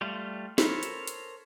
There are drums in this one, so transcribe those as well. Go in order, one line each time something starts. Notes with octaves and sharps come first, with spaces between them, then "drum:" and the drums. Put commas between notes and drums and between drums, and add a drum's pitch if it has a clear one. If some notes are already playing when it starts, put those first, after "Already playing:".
G3 A3 F4
A4 A#4 C5 C#5 B5, drum: snare
drum: hi-hat
drum: hi-hat